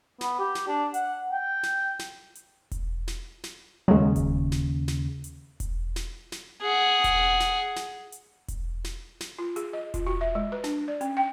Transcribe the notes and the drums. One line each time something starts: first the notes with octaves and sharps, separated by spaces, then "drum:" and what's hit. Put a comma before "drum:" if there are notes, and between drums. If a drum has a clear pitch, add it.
B3, drum: snare
G4
drum: snare
D4
F#5, drum: hi-hat
G5
drum: snare
drum: snare
drum: hi-hat
drum: kick E1, hi-hat
drum: snare
drum: snare
D#2 C#3 F#3 G#3
drum: kick E1, hi-hat
drum: snare
drum: snare
drum: hi-hat
drum: kick E1, hi-hat
drum: snare
drum: snare
G#4 F#5
drum: kick E1, hi-hat
drum: snare
drum: snare
drum: hi-hat
drum: kick E1, hi-hat
drum: snare
drum: snare
F4
G#4, drum: hi-hat
D#5
F4, drum: kick E1, hi-hat
F#4
E5
G#3
B4
D4, drum: snare
D5
C#4, drum: hi-hat
G5